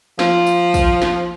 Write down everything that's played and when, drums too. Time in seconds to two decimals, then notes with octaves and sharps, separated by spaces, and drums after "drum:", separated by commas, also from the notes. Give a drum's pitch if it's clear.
0.19 F3, drum: snare
0.47 drum: tambourine
0.74 drum: kick, tambourine
1.02 drum: snare